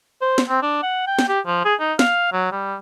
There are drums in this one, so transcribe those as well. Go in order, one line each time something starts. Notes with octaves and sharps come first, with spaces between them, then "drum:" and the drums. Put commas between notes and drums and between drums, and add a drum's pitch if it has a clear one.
C5
drum: snare
C4
D4
F#5
G5
drum: snare
G4
F3
G#4
D#4
F5, drum: snare
F#3
G3